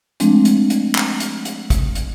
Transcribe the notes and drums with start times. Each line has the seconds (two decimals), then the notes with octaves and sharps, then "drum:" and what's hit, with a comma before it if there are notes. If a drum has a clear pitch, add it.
0.20 F3 G#3 A3 C4 D4, drum: hi-hat
0.45 drum: hi-hat
0.70 drum: hi-hat
0.95 drum: clap
1.20 drum: hi-hat
1.45 drum: hi-hat
1.70 drum: kick, hi-hat
1.95 drum: hi-hat